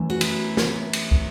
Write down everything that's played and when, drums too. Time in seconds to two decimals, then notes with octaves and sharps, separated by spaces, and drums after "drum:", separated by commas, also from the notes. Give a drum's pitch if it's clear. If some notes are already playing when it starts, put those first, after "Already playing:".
Already playing: F#2 E3 A3
0.10 F#4
0.21 E4, drum: cymbal
0.57 drum: snare
0.93 drum: cymbal
1.11 drum: kick